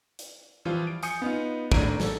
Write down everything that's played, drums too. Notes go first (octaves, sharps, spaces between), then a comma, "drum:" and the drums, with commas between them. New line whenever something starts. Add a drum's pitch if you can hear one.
drum: hi-hat
E3 F3 G3 F4
D7
G#5 D#6 G6 C#7, drum: hi-hat
B3 D#4 F4
G#1 A2 D4 A#5 D7 D#7, drum: kick
A4, drum: snare